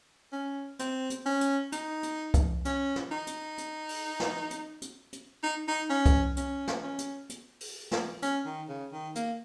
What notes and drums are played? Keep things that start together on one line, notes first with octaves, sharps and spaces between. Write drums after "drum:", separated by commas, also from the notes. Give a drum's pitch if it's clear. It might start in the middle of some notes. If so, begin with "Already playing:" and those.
C#4
C4, drum: hi-hat
drum: hi-hat
C#4
drum: hi-hat
D#4, drum: hi-hat
drum: hi-hat
drum: kick C2, hi-hat
C#4, drum: hi-hat
drum: snare
D#4
drum: hi-hat
drum: hi-hat
drum: open hi-hat
drum: snare
drum: hi-hat
drum: hi-hat
drum: hi-hat
D#4
D#4
C#4
drum: kick C2, hi-hat
C#4, drum: hi-hat
drum: snare
C#4
drum: hi-hat
drum: hi-hat
drum: open hi-hat
drum: snare
C#4, drum: hi-hat
D#3
C#3
D#3
A#3, drum: hi-hat